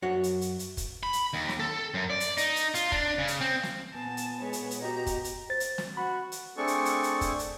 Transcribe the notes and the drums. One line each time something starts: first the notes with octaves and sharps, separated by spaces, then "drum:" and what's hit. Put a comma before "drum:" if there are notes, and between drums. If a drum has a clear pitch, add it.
F#2 F#4 C#5 F#5
drum: hi-hat
drum: hi-hat
drum: hi-hat
drum: kick, hi-hat
B5
drum: hi-hat
D#2
drum: snare
A4
F#2
D5
drum: hi-hat
D#4, drum: hi-hat
drum: hi-hat
F4, drum: hi-hat
D4, drum: kick
C#3
drum: hi-hat
C4
drum: snare
A#2 B3 G#5 A5
drum: hi-hat
G#3 B4 C#5
drum: hi-hat
drum: hi-hat
F#4 G4 D#5 A#5
drum: kick, hi-hat
drum: hi-hat
C5 A6
drum: hi-hat
drum: snare
F#4 B5
drum: hi-hat
A3 C4 D4 G#4 A4 C#6
drum: hi-hat
drum: hi-hat
drum: hi-hat
drum: kick, hi-hat
drum: hi-hat